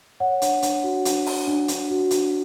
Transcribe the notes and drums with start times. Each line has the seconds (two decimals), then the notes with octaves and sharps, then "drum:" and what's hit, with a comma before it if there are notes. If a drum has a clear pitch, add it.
0.20 C#5 F#5
0.42 D4, drum: hi-hat
0.62 D4, drum: hi-hat
0.84 F#4
1.05 D4, drum: hi-hat
1.26 D4, drum: open hi-hat
1.47 D4
1.68 D4, drum: hi-hat
1.90 F#4
2.11 D4, drum: hi-hat